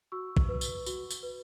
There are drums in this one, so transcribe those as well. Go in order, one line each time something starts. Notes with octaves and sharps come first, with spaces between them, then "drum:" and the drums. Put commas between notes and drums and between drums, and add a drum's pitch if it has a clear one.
F#4 C#6 E6
drum: kick
B4
drum: tambourine
F#4, drum: tambourine
drum: tambourine
B4